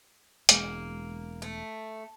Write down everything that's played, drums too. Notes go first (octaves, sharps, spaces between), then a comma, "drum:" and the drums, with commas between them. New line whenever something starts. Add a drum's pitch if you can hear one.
E1 G#3 A#3, drum: hi-hat
A3